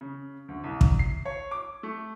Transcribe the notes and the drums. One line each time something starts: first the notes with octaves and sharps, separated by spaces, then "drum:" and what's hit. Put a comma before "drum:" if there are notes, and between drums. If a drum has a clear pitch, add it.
C#3
D2
C2
drum: kick
C7
C#5
D6
A3